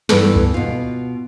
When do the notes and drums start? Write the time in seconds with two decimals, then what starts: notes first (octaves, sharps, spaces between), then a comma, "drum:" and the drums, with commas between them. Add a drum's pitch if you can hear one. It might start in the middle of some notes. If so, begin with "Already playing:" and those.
0.09 G2 E3 B3 A4, drum: snare
0.36 drum: kick C#2
0.54 B2 F4